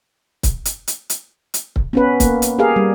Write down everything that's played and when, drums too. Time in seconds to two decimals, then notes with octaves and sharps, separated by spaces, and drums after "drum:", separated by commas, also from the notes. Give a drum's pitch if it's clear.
0.43 drum: kick C#1, hi-hat
0.65 drum: hi-hat
0.87 drum: hi-hat
1.10 drum: hi-hat
1.54 drum: hi-hat
1.76 drum: kick C#1
1.93 B3 C#4 B4
2.20 A#3, drum: kick C#1, hi-hat
2.42 drum: hi-hat
2.59 G4 G#4 A#4 F5
2.76 G3